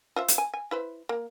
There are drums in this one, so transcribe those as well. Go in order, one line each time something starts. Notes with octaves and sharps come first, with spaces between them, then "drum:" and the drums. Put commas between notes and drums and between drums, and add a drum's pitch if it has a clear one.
F4 C5 E5
drum: hi-hat
G#5
G#5
E4 B4 C5
A#3